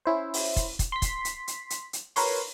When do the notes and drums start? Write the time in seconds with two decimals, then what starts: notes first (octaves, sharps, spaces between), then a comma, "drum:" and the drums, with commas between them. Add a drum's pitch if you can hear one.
0.05 C#4 E4 C5
0.34 drum: open hi-hat
0.56 drum: kick, hi-hat
0.79 drum: kick, hi-hat
0.92 C6 B6
1.02 drum: kick, hi-hat
1.25 drum: hi-hat
1.48 drum: hi-hat
1.70 drum: hi-hat
1.93 drum: hi-hat
2.16 A#4 B4 C#5 C6, drum: open hi-hat